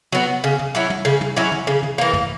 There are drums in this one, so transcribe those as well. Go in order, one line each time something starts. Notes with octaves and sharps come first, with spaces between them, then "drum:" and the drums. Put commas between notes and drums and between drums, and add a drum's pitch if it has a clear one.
F#3 B3 F#4
C#3
drum: tom
F#3 C#4 E4
drum: tom
C#3
drum: tom
F#3 C#4 E4
drum: tom
C#3
drum: tom
E3 A#3
drum: tom